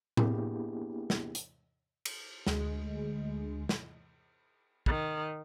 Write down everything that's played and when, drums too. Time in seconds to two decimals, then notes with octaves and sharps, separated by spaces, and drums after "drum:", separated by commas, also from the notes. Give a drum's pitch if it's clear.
0.17 A#3 B3 D4 E4 G4 G#4, drum: tom A2
1.10 drum: snare
1.35 drum: hi-hat
2.05 drum: cymbal
2.47 D2 G#3, drum: snare
3.69 drum: snare
4.86 D#3, drum: kick